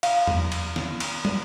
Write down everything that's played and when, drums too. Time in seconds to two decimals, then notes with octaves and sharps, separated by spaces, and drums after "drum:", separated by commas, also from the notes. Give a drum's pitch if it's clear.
0.03 F5, drum: cymbal
0.27 drum: tom E2
0.52 drum: cymbal
0.76 drum: snare
1.00 drum: cymbal
1.25 drum: tom